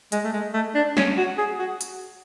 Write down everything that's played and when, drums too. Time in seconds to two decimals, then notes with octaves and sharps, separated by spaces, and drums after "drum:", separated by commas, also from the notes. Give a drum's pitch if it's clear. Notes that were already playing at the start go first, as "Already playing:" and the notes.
0.12 G#3, drum: hi-hat
0.24 A3
0.33 G#3
0.54 A3
0.75 D4
0.97 C#4, drum: snare
1.17 F#4
1.38 G#4
1.59 F#4
1.81 drum: hi-hat